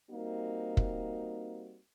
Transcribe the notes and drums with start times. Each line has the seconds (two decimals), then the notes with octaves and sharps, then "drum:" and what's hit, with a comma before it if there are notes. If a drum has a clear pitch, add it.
0.11 G3 A#3 C4 D#4 F#4
0.77 drum: kick